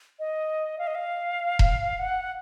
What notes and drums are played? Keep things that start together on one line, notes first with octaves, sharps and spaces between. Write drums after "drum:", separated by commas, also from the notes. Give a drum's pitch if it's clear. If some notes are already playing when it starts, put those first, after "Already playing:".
D#5
F5
D#5
F5
drum: kick E1
F#5